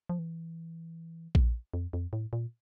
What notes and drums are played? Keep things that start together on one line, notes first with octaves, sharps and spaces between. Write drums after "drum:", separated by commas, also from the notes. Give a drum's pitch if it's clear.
F3
E3
drum: kick A#1
F2
F2
A2
A#2